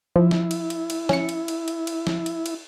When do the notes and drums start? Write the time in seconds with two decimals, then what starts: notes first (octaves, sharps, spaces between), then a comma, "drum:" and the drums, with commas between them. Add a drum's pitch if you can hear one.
0.16 F3 E4
0.31 drum: snare
0.51 drum: cymbal
0.70 drum: cymbal
0.90 drum: cymbal
1.09 C#4 C#7, drum: snare
1.29 drum: cymbal
1.48 drum: cymbal
1.68 drum: cymbal
1.87 drum: cymbal
2.07 drum: snare
2.26 drum: cymbal
2.46 drum: cymbal